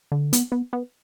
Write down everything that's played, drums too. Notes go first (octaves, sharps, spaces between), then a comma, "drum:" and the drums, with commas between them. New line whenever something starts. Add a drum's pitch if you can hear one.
D3
B3, drum: hi-hat
B3
B3